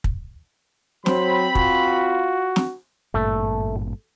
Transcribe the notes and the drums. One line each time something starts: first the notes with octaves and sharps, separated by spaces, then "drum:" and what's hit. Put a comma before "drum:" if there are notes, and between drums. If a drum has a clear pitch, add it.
drum: kick
F#3 C4 C5 B5, drum: snare
F4 F#4, drum: kick
drum: snare
G#1 G2 A#2 A3